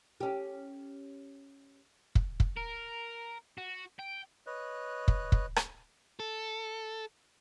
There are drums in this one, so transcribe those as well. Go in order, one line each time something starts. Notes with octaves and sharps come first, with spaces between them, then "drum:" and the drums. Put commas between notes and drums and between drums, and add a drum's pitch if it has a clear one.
C#4 G4
drum: kick
drum: kick
A#4
F#4
G5
B4 C#5 D#5 F#6
drum: kick
drum: kick
drum: rim click
A4